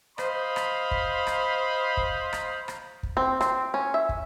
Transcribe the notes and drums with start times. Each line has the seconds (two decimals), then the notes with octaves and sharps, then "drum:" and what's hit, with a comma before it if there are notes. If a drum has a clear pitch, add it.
0.18 C5 D#5 F5 B5 C6, drum: rim click
0.56 drum: rim click
0.91 drum: kick
1.27 drum: rim click
1.97 drum: kick
2.33 drum: rim click
2.68 drum: rim click
3.03 drum: kick
3.17 C4
3.41 C4, drum: rim click
3.74 C#4
3.94 E5
4.09 drum: kick